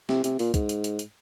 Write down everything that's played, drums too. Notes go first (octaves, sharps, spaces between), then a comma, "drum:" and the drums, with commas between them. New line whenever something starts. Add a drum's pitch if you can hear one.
C3, drum: snare
C3, drum: hi-hat
A#2, drum: open hi-hat
G#2, drum: kick, hi-hat
drum: hi-hat
drum: hi-hat
drum: hi-hat